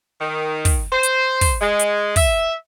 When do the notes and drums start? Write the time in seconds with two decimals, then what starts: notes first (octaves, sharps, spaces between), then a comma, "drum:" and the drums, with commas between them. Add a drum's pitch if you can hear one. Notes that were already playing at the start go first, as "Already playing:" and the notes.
0.19 D#3
0.65 drum: kick, open hi-hat
0.91 C5
1.03 drum: hi-hat
1.41 drum: kick, open hi-hat
1.60 G#3
1.79 drum: hi-hat
2.16 E5, drum: kick, open hi-hat